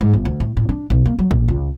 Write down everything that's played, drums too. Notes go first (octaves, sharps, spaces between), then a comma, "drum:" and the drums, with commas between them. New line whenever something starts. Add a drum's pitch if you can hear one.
G#2
G1
D2
A2
A2
D4
B1
A#3
F#3
A#2, drum: kick A1
C#2